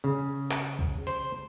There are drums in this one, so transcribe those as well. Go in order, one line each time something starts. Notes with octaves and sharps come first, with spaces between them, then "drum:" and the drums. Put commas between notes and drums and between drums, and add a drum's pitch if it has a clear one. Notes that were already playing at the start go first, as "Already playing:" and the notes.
C#3
drum: clap
drum: kick
C5, drum: hi-hat